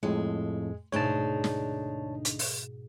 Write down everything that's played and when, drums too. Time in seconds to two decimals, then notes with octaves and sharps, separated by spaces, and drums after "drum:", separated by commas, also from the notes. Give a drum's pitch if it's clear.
0.03 F2 A2 G#3
0.92 D2 G#2 B2 D4 D#4 C#5 A5
1.44 drum: snare
2.25 drum: hi-hat
2.39 drum: open hi-hat